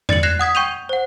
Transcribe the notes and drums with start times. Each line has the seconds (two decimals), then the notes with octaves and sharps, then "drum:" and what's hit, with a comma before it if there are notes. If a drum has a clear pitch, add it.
0.09 D5 A6 C#7 F#7, drum: tom E2
0.23 F#6 G#6 A#6 C7 E7 F7
0.39 F#5 D#6 G#6 B6
0.55 G5 C#6 G6 D#7 F7
0.89 C5 F#5